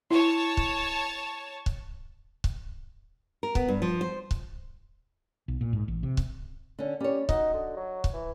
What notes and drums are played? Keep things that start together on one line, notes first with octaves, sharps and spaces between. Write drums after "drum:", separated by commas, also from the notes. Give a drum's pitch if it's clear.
E4 C#5 A5
drum: kick C#1
drum: kick C#1
drum: kick C#1
A#4
B3, drum: kick C#1
G2
F3
C5
drum: kick C#1
B1
A#2
G#2
A1
C3
drum: kick C#1
D3 C#4
G3 C#4 C#5
D#4 F#4 D#5, drum: kick C#1
D3
F#3
drum: kick C#1
E3